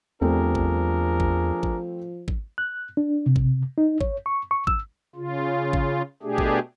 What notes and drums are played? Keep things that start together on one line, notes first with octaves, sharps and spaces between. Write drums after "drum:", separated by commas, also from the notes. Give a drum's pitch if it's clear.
E2 F3 G3 A3 C4 D4 G#4 A#4
drum: kick G#1
drum: kick G#1
drum: kick G#1
drum: kick G#1
F#6
D4
C3
drum: kick G#1
D#4
C#5, drum: kick G#1
C#6
C#6
E6, drum: kick G#1
C#3 F4
drum: kick G#1
B2 A3 D4 G4 G#4
drum: kick G#1